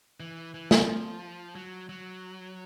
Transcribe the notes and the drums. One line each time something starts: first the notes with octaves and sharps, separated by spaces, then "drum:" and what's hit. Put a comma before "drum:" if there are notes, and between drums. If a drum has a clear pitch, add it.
E3
E3
F3, drum: snare
F#3
F#3